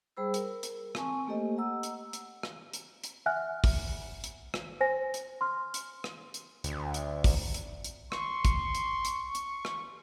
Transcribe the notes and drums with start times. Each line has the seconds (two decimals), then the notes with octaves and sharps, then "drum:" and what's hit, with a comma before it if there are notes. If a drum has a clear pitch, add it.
0.17 G3 G#4 C5 B5 E6
0.34 A#4, drum: hi-hat
0.63 drum: hi-hat
0.95 C4 G#5 A5 C#6, drum: rim click
1.27 A3 A#3 G4 A4 C5 D#5
1.57 D#5 F#5 A#5 E6
1.83 drum: hi-hat
2.13 drum: hi-hat
2.43 drum: rim click
2.73 drum: hi-hat
3.04 drum: hi-hat
3.26 E5 F#5 G#5 F6 F#6
3.64 drum: kick, open hi-hat
4.24 drum: hi-hat
4.54 drum: rim click
4.81 C5 G#5 A#6
5.14 drum: hi-hat
5.41 C6 F6
5.74 drum: hi-hat
6.04 drum: rim click
6.34 drum: hi-hat
6.64 D2, drum: hi-hat
6.94 drum: hi-hat
7.24 drum: kick, open hi-hat
7.54 drum: hi-hat
7.84 drum: hi-hat
8.12 C6 C#6, drum: rim click
8.45 drum: kick, hi-hat
8.75 drum: hi-hat
9.05 drum: hi-hat
9.35 drum: hi-hat
9.65 drum: rim click